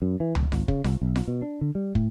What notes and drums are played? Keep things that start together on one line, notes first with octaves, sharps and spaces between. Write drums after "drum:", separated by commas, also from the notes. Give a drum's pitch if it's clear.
F#2
E3
D#1, drum: tom C#2
G#1, drum: snare F4
C#3, drum: kick
C2, drum: snare F4
B1
drum: snare F4
B2
D4
D3
G3
A2, drum: kick